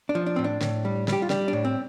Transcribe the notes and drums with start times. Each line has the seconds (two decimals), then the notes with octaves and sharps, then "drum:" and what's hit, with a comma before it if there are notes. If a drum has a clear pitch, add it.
0.09 D4
0.15 F3
0.26 D4
0.36 A2 C4
0.44 D4
0.61 A2, drum: snare
0.85 G3
1.08 G3 G4, drum: snare
1.22 F4
1.30 G3 D4, drum: snare
1.48 D4
1.53 A2
1.65 C4